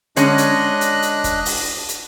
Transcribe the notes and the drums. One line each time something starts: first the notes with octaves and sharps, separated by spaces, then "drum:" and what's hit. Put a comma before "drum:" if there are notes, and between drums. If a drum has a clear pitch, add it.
D3 G#3 C#4 D4 D#5 F#6, drum: hi-hat
drum: hi-hat
drum: hi-hat
drum: hi-hat
drum: kick, hi-hat
drum: open hi-hat
drum: hi-hat